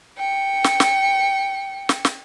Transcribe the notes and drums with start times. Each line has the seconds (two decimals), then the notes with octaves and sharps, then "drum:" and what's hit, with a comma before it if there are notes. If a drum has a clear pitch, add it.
0.18 G5 C#7
0.64 drum: snare
0.80 drum: snare
1.89 drum: snare
2.05 drum: snare